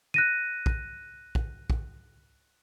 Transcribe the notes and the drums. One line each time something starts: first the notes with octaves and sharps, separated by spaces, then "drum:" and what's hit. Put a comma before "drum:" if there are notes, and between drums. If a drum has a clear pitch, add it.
F#6 A#6 D#7
drum: kick A#1
drum: kick A#1
drum: kick A#1